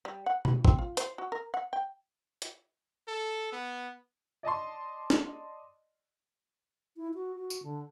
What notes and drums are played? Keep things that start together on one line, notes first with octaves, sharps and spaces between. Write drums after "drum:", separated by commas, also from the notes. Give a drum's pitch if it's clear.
G3
F#5
B5, drum: tom B2
C4, drum: kick G#1
F4
C5, drum: hi-hat
F#4
A#4
F#5
G5
drum: hi-hat
A4
B3
D5 D#5 A5 C6
drum: snare
E4
F#4
F#4
drum: tambourine
D3